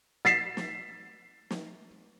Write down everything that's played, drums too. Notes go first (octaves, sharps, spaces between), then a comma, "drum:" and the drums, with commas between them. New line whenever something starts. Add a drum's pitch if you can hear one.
A6 B6 C7 E7, drum: snare
drum: snare
drum: snare